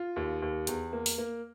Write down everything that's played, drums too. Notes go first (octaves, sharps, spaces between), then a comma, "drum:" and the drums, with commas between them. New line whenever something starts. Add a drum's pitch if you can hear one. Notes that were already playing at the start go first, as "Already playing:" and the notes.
Already playing: F4
D#2
D#2
E2, drum: hi-hat
A#3
drum: open hi-hat
A#3